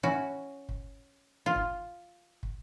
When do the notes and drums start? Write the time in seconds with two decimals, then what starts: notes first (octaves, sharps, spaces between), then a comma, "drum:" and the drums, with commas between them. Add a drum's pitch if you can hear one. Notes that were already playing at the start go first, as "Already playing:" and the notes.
0.03 C#4 E4 F#4
0.69 drum: kick
1.46 F4
1.56 drum: kick
2.43 drum: kick